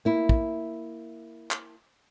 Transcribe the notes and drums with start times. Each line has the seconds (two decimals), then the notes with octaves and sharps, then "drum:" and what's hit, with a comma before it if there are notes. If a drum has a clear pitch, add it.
0.05 A#3 E4
0.29 drum: kick
1.51 drum: clap